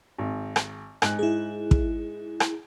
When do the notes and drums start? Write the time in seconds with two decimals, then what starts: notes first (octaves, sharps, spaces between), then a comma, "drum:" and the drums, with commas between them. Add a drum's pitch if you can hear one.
0.18 G#1
0.56 drum: rim click
1.02 G#2 F#6, drum: rim click
1.19 E4 G#4
1.71 drum: kick
2.40 drum: rim click